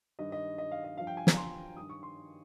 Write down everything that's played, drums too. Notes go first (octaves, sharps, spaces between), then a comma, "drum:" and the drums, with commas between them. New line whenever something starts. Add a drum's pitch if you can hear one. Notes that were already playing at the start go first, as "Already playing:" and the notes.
G2 D#3 D#5
D#5
D#5
F5
D#5
G2 F3 F5
G5
G#5
A#5, drum: snare
C6
G2 D#3 D#6
C#6
C6